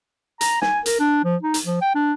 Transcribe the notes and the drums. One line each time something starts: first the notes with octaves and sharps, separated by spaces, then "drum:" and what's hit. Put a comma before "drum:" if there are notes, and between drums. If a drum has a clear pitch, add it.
A#5, drum: hi-hat
G#5, drum: snare
A#4, drum: hi-hat
D4
F3
D#4
drum: hi-hat
F3
G5
D4